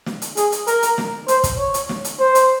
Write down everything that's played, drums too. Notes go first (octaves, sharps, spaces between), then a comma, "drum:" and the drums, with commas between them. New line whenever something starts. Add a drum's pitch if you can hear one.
drum: snare
drum: hi-hat
G#4, drum: hi-hat
drum: hi-hat
A#4, drum: hi-hat
drum: hi-hat
drum: snare
C5, drum: hi-hat
drum: kick, hi-hat
C#5
drum: hi-hat
drum: snare
drum: hi-hat
C5
drum: hi-hat